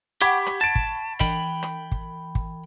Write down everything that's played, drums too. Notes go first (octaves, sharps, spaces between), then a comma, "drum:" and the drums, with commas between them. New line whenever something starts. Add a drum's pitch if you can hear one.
G4 F#5 G5 B5 C#6 D6 G#6 B6
drum: rim click
A5 A6 D7
drum: kick
E3 G5 B5, drum: kick
drum: rim click
drum: kick
drum: kick